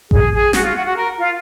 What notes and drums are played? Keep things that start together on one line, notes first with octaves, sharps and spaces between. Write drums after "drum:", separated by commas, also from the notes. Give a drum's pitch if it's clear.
G#4, drum: kick A1
G#4
F#4, drum: snare
F4
F#4
F#4
A#4
F4 F5